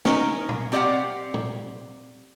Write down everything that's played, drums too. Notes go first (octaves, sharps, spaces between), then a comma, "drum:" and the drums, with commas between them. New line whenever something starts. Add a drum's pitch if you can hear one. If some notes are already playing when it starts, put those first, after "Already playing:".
C#4 D#4 A#4, drum: snare
drum: tom
C4 G4 D5 D#5 F5 F#5
drum: tom